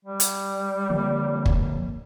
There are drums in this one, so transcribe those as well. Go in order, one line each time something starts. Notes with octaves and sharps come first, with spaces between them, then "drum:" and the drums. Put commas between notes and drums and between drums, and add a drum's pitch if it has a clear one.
G3
drum: hi-hat
D3 F3 A#3
drum: kick